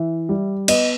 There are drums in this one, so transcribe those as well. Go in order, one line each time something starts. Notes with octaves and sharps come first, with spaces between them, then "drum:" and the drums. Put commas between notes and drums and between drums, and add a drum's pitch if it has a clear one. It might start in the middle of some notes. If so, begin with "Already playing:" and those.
Already playing: E3 E5
G3
B3 D#5, drum: cymbal